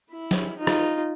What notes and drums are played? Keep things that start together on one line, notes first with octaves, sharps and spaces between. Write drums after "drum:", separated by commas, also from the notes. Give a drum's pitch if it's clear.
E4
drum: snare
D#4 F4
drum: rim click